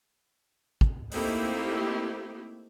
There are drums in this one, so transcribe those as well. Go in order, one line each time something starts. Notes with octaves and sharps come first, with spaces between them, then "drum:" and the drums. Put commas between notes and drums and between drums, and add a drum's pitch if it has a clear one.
drum: kick
A3 A#3 C4 D#4 E4 G4, drum: open hi-hat